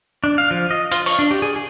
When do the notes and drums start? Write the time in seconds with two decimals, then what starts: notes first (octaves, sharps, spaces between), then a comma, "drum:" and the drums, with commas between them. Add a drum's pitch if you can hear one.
0.24 D4
0.38 F5
0.51 F3
0.71 D#5
0.92 F4, drum: hi-hat
1.06 C#6, drum: open hi-hat
1.19 D4
1.31 G4
1.42 G#4
1.56 G#4